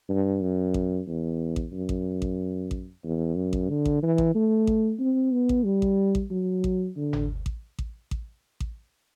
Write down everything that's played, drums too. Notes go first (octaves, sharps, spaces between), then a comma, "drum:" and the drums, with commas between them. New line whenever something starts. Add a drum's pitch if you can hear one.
G2
F#2
drum: kick A1
E2
drum: kick A1
F#2
drum: kick A1
drum: kick A1
drum: kick A1
E2
F#2
drum: kick A1
D3
drum: kick A1
E3
drum: kick A1
A3
drum: kick A1
C4
B3
drum: kick A1
G3
drum: kick A1
drum: kick A1
F#3
drum: kick A1
D3
drum: tom G1
drum: kick A1
drum: kick A1
drum: kick A1
drum: kick A1